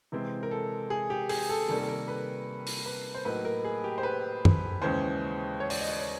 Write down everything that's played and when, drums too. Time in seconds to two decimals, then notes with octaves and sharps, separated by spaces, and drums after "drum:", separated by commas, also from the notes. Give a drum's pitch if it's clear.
0.12 C3 E3 G#3 C4
0.43 A#4
0.51 A4
0.90 G#4
1.10 G4
1.29 G#4, drum: open hi-hat
1.49 A4
1.68 C3 D#3 G3 A#3 A4
1.79 A4
1.89 A#4
2.08 B4
2.67 drum: open hi-hat
2.86 B4
3.14 C5
3.25 A2 F#3 A#3 D#4 B4
3.45 A#4
3.64 G#4
3.84 G4
3.98 C5
4.03 B4
4.45 drum: tom F#2
4.82 D#2 C#3 E3 G#3 C#4 C5
5.60 C#5
5.70 D5, drum: open hi-hat
5.80 D#5
5.89 D5
5.99 C#5